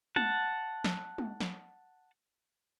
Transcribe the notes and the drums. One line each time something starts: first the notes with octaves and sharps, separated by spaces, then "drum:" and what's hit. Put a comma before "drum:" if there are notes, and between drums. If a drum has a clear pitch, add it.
F#5 A5, drum: tom
drum: snare
drum: tom
drum: snare